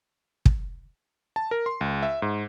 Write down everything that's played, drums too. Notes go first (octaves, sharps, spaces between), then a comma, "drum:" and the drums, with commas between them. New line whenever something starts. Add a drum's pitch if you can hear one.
drum: kick
A5
A#4
C6
C#2
E5
G#2